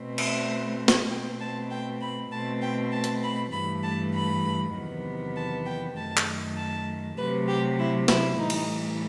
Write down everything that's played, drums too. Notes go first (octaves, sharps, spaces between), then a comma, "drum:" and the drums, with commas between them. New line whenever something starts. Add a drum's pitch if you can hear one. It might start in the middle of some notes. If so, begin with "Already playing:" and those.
Already playing: B2 A3 C4
E5, drum: cymbal
drum: snare
B2 A3 C4 G5
A5
G5
B5
B2 A3 C4 A5
G5
A5
drum: hi-hat
B5
G2 E3 A3 B5
A5
B5
E2 C3 D#3 F#3 B3
A5
G5
F#2 D#3 A3 A5
drum: clap
A5
C3 F#3 A3 B4
G4
E4
E4, drum: snare
A2 E3 G3 D#4
drum: cymbal